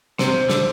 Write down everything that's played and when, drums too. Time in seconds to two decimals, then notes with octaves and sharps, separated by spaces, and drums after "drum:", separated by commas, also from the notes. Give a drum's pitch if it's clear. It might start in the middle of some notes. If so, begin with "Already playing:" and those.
0.19 C3 C5, drum: snare
0.50 D3, drum: snare